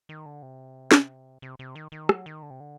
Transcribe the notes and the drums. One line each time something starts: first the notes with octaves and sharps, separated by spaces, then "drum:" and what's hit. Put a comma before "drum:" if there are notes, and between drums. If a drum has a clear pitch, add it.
D#3
D3
C3
drum: snare
C3
C3
D#3
D#3
F#3, drum: rim click
D#3
D3
C3
D3